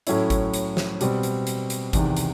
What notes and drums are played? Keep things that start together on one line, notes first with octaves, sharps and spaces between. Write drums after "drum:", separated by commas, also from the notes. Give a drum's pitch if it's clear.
A2 F#3 A3 C#4 E4, drum: hi-hat
drum: kick G#1, hi-hat
drum: hi-hat
drum: snare
B2 G3 C4, drum: hi-hat
drum: hi-hat
drum: hi-hat
drum: hi-hat
E2 C3 D#3, drum: kick G#1, hi-hat
drum: hi-hat